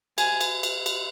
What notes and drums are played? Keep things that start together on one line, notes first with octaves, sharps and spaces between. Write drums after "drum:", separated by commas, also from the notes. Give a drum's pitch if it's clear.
G#5, drum: cymbal
drum: cymbal
drum: cymbal
drum: cymbal